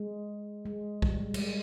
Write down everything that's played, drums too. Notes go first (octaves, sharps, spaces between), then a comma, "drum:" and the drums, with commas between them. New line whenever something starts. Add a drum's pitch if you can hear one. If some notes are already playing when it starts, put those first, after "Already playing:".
Already playing: G#3
G#3
G3, drum: kick B1
G#3
G3, drum: cymbal
G#3